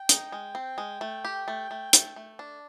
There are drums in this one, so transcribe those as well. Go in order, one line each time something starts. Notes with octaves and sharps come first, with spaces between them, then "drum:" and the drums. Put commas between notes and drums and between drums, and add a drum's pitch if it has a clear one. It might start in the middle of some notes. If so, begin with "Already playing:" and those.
Already playing: G5
D#4, drum: hi-hat
G#3
C4
G#3
A3
G4
A3
A3
A3, drum: hi-hat
A3
D4